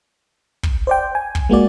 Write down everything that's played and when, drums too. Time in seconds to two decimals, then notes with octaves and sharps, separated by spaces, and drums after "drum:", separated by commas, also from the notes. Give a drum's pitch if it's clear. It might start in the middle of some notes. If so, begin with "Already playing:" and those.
0.63 drum: kick
0.87 C5 D5 G5
1.15 G#5
1.35 drum: kick
1.50 G#3 A#3 F#4 D5